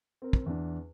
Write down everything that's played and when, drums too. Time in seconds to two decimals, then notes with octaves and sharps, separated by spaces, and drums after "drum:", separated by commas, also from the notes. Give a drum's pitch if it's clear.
0.22 C4 A#4
0.33 drum: kick
0.46 E2 D4